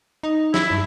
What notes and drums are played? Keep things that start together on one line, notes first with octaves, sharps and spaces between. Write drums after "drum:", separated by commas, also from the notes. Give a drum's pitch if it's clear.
D#4
E4, drum: snare
G2